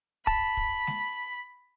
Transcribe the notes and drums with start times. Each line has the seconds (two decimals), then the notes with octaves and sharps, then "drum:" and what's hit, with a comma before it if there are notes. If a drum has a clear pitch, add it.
0.27 A5 B5, drum: kick
0.57 drum: kick
0.87 drum: snare G#3